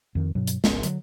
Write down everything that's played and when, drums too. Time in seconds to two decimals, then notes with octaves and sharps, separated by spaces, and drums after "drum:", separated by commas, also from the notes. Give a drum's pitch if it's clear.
0.15 F2 D#3
0.35 G2 B2 F#3
0.47 drum: hi-hat
0.64 G#1 C#2 B3 C#4, drum: snare
0.83 D3 F#3, drum: hi-hat